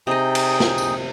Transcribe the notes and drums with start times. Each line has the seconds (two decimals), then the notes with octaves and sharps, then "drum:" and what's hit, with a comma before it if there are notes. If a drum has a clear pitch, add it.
0.07 C3 D#4 G#4 D#5 G5
0.35 drum: cymbal
0.60 drum: snare
0.78 drum: tambourine